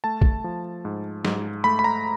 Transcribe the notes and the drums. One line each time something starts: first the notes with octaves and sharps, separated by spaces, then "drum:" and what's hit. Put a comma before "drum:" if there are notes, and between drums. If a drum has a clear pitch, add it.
A3 A5
drum: kick
F3
G#2
G#2, drum: snare
A3 B5
B5
A#5